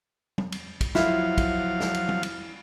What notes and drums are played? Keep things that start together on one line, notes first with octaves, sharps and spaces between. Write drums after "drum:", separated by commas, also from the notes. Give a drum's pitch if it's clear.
drum: tom
drum: cymbal
drum: kick, cymbal
F3 F#3 E4 F4 F5, drum: snare
drum: kick, cymbal
drum: snare
drum: cymbal
drum: tom
drum: cymbal